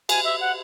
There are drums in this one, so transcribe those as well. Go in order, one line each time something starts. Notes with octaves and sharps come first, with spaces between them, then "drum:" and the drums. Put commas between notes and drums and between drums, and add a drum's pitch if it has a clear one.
G#5, drum: cymbal
E5
F#5